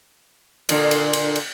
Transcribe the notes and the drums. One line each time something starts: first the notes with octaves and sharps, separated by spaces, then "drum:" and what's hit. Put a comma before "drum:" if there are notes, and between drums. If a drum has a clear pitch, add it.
A#2 D3, drum: cymbal
drum: cymbal
drum: cymbal
drum: cymbal